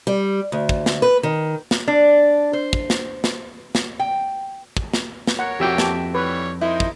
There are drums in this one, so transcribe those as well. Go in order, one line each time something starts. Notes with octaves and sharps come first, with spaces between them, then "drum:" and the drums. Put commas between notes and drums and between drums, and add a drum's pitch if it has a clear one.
G3
D2
drum: kick
drum: snare
B4
D#3
drum: snare
D4
C5
drum: kick
drum: snare
drum: snare
drum: snare
G5
drum: kick
drum: snare
drum: snare
A#4 C#5 F#5
F2 F#4 G4 E5 G5
G4 A5, drum: snare
E3 G3 B4 C#5
D#4 E4 A#4 C5
drum: kick